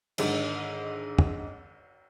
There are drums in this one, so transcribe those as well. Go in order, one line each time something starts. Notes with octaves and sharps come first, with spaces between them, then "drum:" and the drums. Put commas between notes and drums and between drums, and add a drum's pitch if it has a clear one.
G#2 D3 D#3 D#4, drum: cymbal
drum: tom